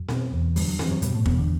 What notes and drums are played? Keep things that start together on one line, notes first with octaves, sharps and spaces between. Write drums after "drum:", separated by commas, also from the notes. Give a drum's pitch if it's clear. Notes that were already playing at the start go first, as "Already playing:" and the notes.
Already playing: F#2
B2, drum: snare C4
E2
G2 D3 G3, drum: open hi-hat
F#2 F#3
F#2 E3, drum: snare C4
F#2 F#3
G2 B2 G3, drum: hi-hat
A2 A3
E2 B2 B3, drum: kick
D3